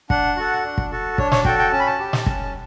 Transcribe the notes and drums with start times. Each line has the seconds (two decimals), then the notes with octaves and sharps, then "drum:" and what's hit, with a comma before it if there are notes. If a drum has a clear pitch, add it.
0.10 D4 F#5, drum: kick
0.37 F#4 A4
0.64 D4
0.78 drum: kick
0.91 F#4 A4
1.18 D4 C#5, drum: kick
1.32 C#5, drum: snare
1.45 F#4 A4 G5, drum: kick
1.59 G5
1.72 C#4 A5
1.80 B5
1.87 A5
1.99 G4
2.13 drum: snare
2.26 C#4, drum: kick